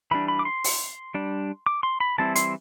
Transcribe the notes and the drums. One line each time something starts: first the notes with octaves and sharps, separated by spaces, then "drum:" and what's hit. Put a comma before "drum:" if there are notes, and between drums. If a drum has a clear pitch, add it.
E3 G3 D4 B5
B5
D6
C6
drum: open hi-hat
G3 D4
D6
C6
B5
E3 G3 C4 E4 A5
C6, drum: hi-hat